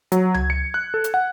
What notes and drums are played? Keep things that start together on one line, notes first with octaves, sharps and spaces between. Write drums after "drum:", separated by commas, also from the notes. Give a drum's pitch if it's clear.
F#3, drum: hi-hat
G#6, drum: tom C#2
C#7
F#6
A4
drum: hi-hat
F#5